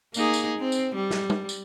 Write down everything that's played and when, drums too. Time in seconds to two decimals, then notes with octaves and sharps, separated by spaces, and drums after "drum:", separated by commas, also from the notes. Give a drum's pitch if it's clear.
0.14 A#3 D#4 G#4, drum: tambourine
0.34 drum: tambourine
0.58 C4
0.72 drum: tambourine
0.95 G3
1.10 drum: snare
1.30 drum: tom G3
1.49 drum: tambourine